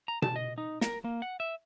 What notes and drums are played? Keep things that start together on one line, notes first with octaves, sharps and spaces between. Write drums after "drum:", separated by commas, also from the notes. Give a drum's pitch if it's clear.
A#5
A5, drum: tom B2
D#5
D#4
A#4, drum: snare
A#3
F#5
E5